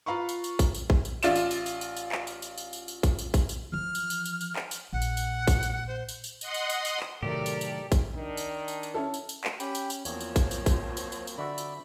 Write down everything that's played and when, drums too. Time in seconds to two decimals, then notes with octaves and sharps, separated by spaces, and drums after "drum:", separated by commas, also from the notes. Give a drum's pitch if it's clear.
0.06 F4 B4 F5 A#5 B5 C#6
0.29 drum: tambourine
0.44 drum: tambourine
0.59 drum: kick, tambourine
0.74 drum: tambourine
0.90 drum: kick
1.05 drum: tambourine
1.23 A1 F4 D5 E5 E7, drum: tambourine
1.35 drum: tambourine
1.51 drum: tambourine
1.66 drum: tambourine
1.81 drum: tambourine
1.97 drum: tambourine
2.12 drum: clap
2.27 drum: tambourine
2.42 drum: tambourine
2.58 drum: tambourine
2.73 drum: tambourine
2.88 drum: tambourine
3.03 drum: kick, tambourine
3.19 drum: tambourine
3.34 drum: kick, tambourine
3.49 drum: tambourine
3.72 E3 F3 F6
3.95 drum: tambourine
4.10 drum: tambourine
4.25 drum: tambourine
4.41 drum: tambourine
4.56 drum: clap
4.71 drum: tambourine
4.93 A#1 F#5
5.02 drum: tambourine
5.17 drum: tambourine
5.47 drum: kick, tambourine
5.63 drum: tambourine
5.87 C5
6.09 drum: tambourine
6.24 drum: tambourine
6.41 D#5 F#5 C6 D#6, drum: tambourine
6.54 drum: tambourine
6.70 drum: tambourine
6.85 drum: tambourine
7.00 drum: clap
7.23 A2 C3 D#3 F#3 G4 A4 A#4 D5
7.46 drum: tambourine
7.61 drum: tambourine
7.92 drum: kick, tambourine
8.15 D#3 D4
8.37 drum: tambourine
8.68 drum: tambourine
8.83 drum: tambourine
8.94 C#4 E4 A4
9.14 drum: tambourine
9.29 drum: tambourine
9.44 drum: clap
9.60 C#4 G4 G5 B5, drum: tambourine
9.75 drum: tambourine
9.90 drum: tambourine
10.05 E2 F3 F#3 A#3 C4 C#5, drum: tambourine
10.20 drum: tambourine
10.36 drum: kick, tambourine
10.51 drum: tambourine
10.66 drum: kick, tambourine
10.97 drum: tambourine
11.12 drum: tambourine
11.27 drum: tambourine
11.38 D3 F#4 D5 E5 B5
11.58 drum: tambourine